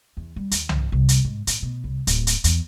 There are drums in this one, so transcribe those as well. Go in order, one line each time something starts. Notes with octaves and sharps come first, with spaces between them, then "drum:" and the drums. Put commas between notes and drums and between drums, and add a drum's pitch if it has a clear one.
E2
G3
D#2, drum: hi-hat
drum: tom C2
C2
drum: hi-hat
G#2
A2, drum: hi-hat
B2
C2
D1, drum: hi-hat
drum: hi-hat
E2, drum: hi-hat